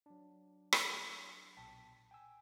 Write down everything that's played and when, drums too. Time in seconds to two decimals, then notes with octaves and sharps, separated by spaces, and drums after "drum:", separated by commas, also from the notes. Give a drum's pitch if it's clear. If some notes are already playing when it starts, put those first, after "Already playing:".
0.06 F#3 D4
0.73 drum: rim click
1.57 B1 A#2 G5 A5 B6
2.11 G5 G#5 E6